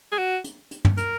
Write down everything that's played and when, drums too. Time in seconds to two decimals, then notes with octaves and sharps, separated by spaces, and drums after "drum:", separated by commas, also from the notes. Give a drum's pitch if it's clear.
0.12 G#4
0.18 F#4
0.44 drum: hi-hat
0.71 drum: hi-hat
0.85 drum: tom
0.97 A#4, drum: hi-hat